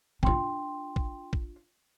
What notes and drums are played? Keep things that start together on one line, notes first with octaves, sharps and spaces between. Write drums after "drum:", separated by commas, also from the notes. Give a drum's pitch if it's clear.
D4 F4 G5 C6, drum: kick A1
drum: kick A1
drum: kick A1